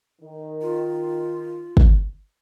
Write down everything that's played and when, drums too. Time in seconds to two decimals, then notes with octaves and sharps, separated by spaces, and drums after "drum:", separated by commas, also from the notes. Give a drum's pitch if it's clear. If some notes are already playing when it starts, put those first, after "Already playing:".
0.22 D#3
0.62 F4
1.77 drum: kick